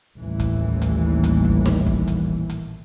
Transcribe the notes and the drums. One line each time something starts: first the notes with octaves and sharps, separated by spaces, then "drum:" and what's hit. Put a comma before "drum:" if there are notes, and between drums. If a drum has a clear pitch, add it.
A1 D#2 A#2 E3 G3
drum: kick, hi-hat
drum: hi-hat
drum: hi-hat
drum: kick
drum: snare D#4
drum: kick
drum: hi-hat
drum: hi-hat